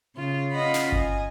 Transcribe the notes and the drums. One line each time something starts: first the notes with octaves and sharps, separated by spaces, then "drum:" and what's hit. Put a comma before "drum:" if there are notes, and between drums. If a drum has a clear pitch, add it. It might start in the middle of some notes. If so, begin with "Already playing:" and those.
C#3 F4
C#4 F4 D#5 F#5 B5
drum: snare
D#5 G#5, drum: kick G1